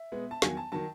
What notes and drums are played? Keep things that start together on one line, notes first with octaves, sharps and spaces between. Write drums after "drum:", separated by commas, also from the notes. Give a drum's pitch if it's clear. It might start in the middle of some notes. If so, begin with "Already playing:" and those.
Already playing: E5
B2 G#3 B3
A5
E2 D#3 F#3 G#5, drum: snare
A5
D#3 F#3 A5